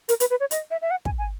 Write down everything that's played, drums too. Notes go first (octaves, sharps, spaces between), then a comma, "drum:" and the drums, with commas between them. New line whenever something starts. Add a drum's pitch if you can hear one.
A#4, drum: hi-hat
B4, drum: hi-hat
B4
C#5
D#5, drum: hi-hat
E5
E5
F#5
G#5, drum: kick
G#5